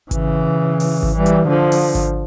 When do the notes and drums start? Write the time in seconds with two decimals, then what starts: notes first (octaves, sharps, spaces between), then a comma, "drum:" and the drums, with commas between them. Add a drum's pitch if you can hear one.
0.11 C#3 E3, drum: kick G#1, hi-hat
0.80 drum: open hi-hat
1.03 drum: kick G#1
1.15 E3 G3
1.26 drum: hi-hat
1.47 D3 F3
1.72 drum: open hi-hat
1.95 drum: kick G#1, hi-hat